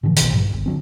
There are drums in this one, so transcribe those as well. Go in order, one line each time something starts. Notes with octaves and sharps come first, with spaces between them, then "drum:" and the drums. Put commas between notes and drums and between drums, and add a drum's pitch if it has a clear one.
A2 D3 E3 F3
A#1 B2 D#3, drum: hi-hat
G2 A#2 F3 F#3
D1 G1
D3 F#3 C4